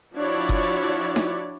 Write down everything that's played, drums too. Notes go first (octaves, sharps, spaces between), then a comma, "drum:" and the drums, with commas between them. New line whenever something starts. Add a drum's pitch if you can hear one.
F3 D4 E4 F#4 C#5 D5
drum: kick F#1
drum: snare D#4